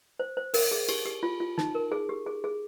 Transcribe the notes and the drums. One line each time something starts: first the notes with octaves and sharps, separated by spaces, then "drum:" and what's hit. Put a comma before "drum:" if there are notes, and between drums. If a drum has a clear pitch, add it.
C5
C5
A#4, drum: open hi-hat
G#4
G4, drum: cymbal
G4
F4
F4
D#4, drum: snare
A#4
G#4
G4
G#4
G#4